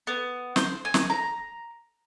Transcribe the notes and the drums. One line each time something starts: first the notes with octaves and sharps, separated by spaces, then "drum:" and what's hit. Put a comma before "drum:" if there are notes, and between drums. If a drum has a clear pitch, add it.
B3
C5, drum: snare
G#5
drum: snare
A#5